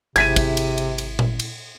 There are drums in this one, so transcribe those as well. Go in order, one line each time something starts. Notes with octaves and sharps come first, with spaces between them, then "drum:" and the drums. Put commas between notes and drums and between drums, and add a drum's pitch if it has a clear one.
G#1 C3 E4 G#4 C5 G#6 B6 D#7, drum: cymbal
drum: kick, cymbal
drum: cymbal
drum: cymbal
drum: cymbal
drum: tom A#2
drum: cymbal